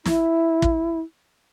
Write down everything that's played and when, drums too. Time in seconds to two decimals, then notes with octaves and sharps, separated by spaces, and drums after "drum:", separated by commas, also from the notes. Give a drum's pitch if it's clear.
0.06 E4, drum: snare
0.62 drum: kick